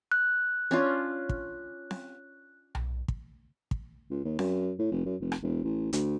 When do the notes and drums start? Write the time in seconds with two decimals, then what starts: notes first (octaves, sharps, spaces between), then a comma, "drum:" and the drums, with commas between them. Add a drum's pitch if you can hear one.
0.12 F#6
0.71 C#4 D4 F4
1.29 drum: kick
1.91 drum: snare C4
2.75 drum: tom B1
3.08 drum: kick
3.71 drum: kick
4.11 C#2
4.25 D#2
4.39 F#2, drum: snare C4
4.79 A2
4.92 F1
5.05 F#2
5.21 F1
5.32 drum: rim click
5.43 E1
5.64 A1
5.93 D2, drum: hi-hat